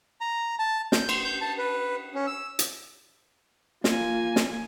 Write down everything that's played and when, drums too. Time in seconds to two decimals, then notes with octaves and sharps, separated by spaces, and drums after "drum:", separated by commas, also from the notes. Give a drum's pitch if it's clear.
0.21 A#5
0.59 A5
0.92 G6, drum: snare
1.09 C6, drum: cymbal
1.24 G6
1.41 A5
1.58 B4
2.14 C#4
2.27 E6
2.59 drum: hi-hat
3.84 A#3 F4 G#5, drum: snare
4.36 drum: snare